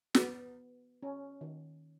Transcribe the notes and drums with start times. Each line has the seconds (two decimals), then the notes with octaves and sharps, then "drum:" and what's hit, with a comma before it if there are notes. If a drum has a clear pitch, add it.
0.15 B3, drum: snare
1.03 C#4
1.41 D#3